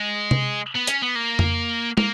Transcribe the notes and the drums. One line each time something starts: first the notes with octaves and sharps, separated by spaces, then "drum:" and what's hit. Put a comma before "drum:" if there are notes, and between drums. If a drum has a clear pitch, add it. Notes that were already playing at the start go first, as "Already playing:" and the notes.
Already playing: G#3
drum: tom C3
B3
C#4, drum: hi-hat
B3
A#3
drum: tom F2
A#3, drum: tom